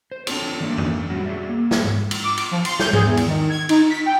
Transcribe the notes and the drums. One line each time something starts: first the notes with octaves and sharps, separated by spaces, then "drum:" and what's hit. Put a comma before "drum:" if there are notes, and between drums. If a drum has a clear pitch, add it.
C5
C4 D4 F4 A4 C#5, drum: cymbal
E3 A3 A#3 D4
drum: tom F2
A2 G3 C#4 F#4
F#4 G#4 C5 D5 E5
A#3
drum: snare
drum: tom G#2
drum: cymbal
D6
drum: cymbal
F3
C6, drum: cymbal
G6, drum: snare
G#4, drum: tom G#2
E2
drum: cymbal
D#3
G#6
D#4, drum: cymbal
B6
G5